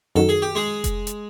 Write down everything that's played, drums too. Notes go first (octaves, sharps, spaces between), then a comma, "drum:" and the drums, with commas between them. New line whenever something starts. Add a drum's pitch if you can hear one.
F#2 D#3 F#3 A4
G#4
G4
G#3 G#4
drum: kick F1, hi-hat
drum: hi-hat